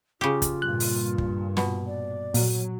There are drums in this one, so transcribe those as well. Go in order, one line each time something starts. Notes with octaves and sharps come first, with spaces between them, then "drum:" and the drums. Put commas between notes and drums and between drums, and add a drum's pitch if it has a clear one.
C#3 F4 G4
drum: kick, hi-hat
G2 A#2 F#6
drum: open hi-hat
drum: kick
B2, drum: snare
D5
A#2 F#3, drum: open hi-hat